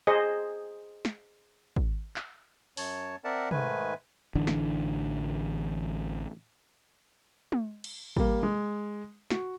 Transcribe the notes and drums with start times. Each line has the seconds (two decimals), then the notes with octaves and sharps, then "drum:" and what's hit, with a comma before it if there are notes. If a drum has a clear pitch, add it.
0.07 G#4 C5 D#5
1.05 drum: snare
1.76 drum: kick
2.16 drum: clap
2.77 F#2 C#5 A5, drum: open hi-hat
3.24 C4 A#4 D5 E5 F#5 A5
3.51 G#2 D#3 A3 B4 G#5, drum: tom
4.35 A1 D3 E3 D4
4.47 drum: snare
7.52 drum: tom
7.84 drum: cymbal
8.16 G3 A#3, drum: kick
8.43 G#3
9.30 F#4, drum: snare